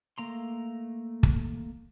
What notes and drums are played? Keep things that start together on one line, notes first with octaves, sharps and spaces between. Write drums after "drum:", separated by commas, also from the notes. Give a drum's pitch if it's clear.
A3 A#3 A#5 C6
drum: kick